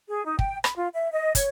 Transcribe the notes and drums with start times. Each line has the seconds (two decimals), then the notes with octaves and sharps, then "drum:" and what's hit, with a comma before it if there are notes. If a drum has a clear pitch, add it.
0.09 G#4
0.25 D#4
0.39 G5, drum: kick
0.64 B5, drum: rim click
0.77 F4
0.95 E5
1.12 D#5
1.35 C#5, drum: kick, hi-hat